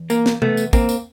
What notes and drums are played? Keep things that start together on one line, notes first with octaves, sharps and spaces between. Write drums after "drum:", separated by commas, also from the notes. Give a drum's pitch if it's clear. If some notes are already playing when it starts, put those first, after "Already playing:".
Already playing: E2
A#3, drum: tambourine
drum: snare
A3 B3, drum: tom C3
drum: tambourine
A#3 C4, drum: kick, tambourine
drum: tambourine